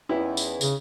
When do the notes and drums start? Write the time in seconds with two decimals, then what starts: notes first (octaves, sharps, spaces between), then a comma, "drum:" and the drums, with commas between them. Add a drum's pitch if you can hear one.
0.09 E2 C#4 D#4 E4 G4
0.37 drum: tambourine
0.61 C#3, drum: tambourine